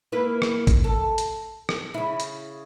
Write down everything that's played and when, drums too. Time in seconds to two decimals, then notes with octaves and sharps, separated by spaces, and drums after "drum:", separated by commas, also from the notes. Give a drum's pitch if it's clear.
0.12 A#3 E4 B4
0.42 drum: rim click
0.67 drum: kick A1, hi-hat
0.84 A4
1.18 drum: hi-hat
1.69 drum: rim click
1.94 C#3 E4
2.20 drum: hi-hat